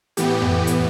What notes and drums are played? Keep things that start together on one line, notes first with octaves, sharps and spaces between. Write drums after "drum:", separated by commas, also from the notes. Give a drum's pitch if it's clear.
A2 E3 B3 G4, drum: hi-hat
drum: tom F2
drum: hi-hat